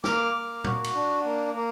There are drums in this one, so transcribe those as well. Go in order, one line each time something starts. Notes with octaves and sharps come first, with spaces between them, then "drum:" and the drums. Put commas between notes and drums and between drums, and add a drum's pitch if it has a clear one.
A#3 D6 F6, drum: snare
A#3
F#4, drum: tom A#2
drum: cymbal
D4
A#3
A#3